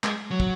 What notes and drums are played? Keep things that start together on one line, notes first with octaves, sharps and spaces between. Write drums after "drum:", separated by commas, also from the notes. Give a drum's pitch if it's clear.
G#3, drum: clap
F#3
drum: kick